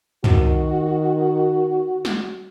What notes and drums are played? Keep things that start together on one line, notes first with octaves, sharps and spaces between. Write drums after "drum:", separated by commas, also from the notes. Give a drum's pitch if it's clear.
D#3 F#4, drum: tom
drum: snare